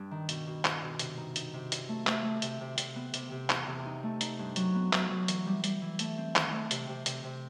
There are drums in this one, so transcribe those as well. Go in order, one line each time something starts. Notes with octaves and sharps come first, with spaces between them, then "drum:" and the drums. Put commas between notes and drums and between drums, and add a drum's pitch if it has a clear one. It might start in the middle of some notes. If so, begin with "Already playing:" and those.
Already playing: G2
D#3
B2, drum: hi-hat
B2
B2, drum: clap
B2
C3, drum: hi-hat
D#4
D#4, drum: hi-hat
C3
E4, drum: hi-hat
A3
A3, drum: clap
A3
C3, drum: hi-hat
C3
C3, drum: hi-hat
B3
C3, drum: hi-hat
C3
E2, drum: clap
C3
D#4
A3
D#4, drum: hi-hat
G2
F#3, drum: hi-hat
B3
F#3, drum: clap
F#3
E3, drum: hi-hat
G3
G3, drum: hi-hat
E3
A3, drum: hi-hat
C4
D#3, drum: clap
A3
C3, drum: hi-hat
C3
C3, drum: hi-hat
C3